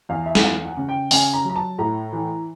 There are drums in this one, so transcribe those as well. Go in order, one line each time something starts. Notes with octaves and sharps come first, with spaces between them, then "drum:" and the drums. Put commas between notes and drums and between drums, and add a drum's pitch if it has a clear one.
E2 F5
E5
F#5, drum: snare
E2 F5
F#5
C#3
G5
C#3 G#5, drum: open hi-hat
A#5
F#3 A#5
A5
A2 A#5
E3